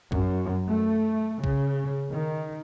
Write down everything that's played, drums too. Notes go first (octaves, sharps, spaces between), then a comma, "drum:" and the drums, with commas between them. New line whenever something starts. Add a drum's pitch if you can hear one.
F#2, drum: kick
A3
C#3, drum: kick
D#3